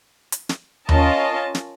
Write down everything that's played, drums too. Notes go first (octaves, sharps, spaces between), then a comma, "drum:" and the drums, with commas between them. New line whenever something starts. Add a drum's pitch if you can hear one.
drum: hi-hat
drum: snare
C#4 F4 A#4 D#5 A5, drum: tom D#2
drum: snare